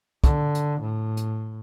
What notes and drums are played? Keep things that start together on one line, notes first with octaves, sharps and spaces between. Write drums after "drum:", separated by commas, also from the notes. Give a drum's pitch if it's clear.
D3, drum: kick, hi-hat
drum: hi-hat
A2
drum: hi-hat